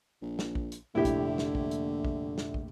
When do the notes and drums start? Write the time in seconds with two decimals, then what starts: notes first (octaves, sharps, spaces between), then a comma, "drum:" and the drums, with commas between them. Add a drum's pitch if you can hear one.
0.22 A#1
0.39 drum: snare
0.55 drum: kick
0.72 drum: hi-hat
0.95 F1 A#1 D3 E4 G4
1.05 drum: kick, hi-hat
1.38 drum: snare
1.55 drum: kick
1.71 drum: hi-hat
2.05 drum: kick
2.38 drum: snare
2.54 drum: kick